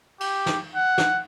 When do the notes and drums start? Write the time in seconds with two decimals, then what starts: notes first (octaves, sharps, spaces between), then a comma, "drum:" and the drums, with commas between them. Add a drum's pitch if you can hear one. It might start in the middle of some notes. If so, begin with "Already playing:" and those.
0.20 G4, drum: cymbal
0.46 drum: snare
0.76 F#5
0.98 drum: snare